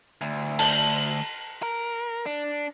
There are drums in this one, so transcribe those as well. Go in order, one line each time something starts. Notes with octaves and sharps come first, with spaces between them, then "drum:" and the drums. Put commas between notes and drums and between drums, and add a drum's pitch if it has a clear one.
D2
A5 G6, drum: cymbal
A#4
D4